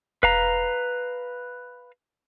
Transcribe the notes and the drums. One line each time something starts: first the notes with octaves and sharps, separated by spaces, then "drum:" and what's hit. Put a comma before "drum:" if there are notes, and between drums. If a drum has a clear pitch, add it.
B4 F5 A#5, drum: kick E1